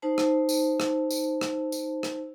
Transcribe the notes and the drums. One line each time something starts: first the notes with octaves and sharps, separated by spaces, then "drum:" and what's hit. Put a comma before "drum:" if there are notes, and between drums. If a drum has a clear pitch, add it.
D#4 C5 A5
drum: rim click
drum: tambourine
drum: rim click
drum: tambourine
drum: rim click
drum: tambourine
drum: rim click